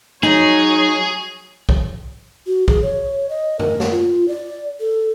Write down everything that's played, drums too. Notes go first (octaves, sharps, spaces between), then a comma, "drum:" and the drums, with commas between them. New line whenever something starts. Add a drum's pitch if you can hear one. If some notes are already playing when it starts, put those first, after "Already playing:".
F#3 D#4 G#4 C#5
drum: kick
F#4
G#4, drum: kick
C#5
D#5
A#4, drum: tom F#2
drum: snare
F4
D5
A4